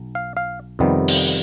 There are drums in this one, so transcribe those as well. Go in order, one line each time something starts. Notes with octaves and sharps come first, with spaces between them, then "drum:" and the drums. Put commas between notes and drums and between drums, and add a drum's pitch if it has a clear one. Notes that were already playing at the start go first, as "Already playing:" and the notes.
Already playing: B1
F5
F5
F2 C3 D#3 G3 B3
drum: open hi-hat